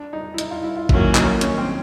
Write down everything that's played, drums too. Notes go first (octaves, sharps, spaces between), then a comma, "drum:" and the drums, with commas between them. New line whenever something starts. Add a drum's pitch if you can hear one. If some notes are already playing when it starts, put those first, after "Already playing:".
Already playing: D4
D#4
E4
D#4, drum: hi-hat
F4
E4
F4
D#3 F#3 A#3 C#4 E4 F#4, drum: kick G#1
D#4, drum: clap
C#4, drum: hi-hat
C4